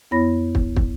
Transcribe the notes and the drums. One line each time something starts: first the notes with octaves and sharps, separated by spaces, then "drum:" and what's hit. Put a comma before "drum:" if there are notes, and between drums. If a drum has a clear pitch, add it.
F2 B3 E4 C#5 B5 A#6
drum: kick
drum: kick